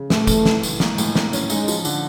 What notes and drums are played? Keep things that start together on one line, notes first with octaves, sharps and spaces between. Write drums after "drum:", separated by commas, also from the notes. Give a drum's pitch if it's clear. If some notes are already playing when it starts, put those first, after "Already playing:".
Already playing: C#3
A2 A3, drum: snare
E3, drum: kick, tambourine
A2, drum: snare
E3, drum: tambourine
G#3 A#3, drum: snare
A2, drum: tambourine
A#3, drum: snare
C#4, drum: tambourine
G#3 D#4, drum: tambourine
F3, drum: tambourine
D3, drum: tambourine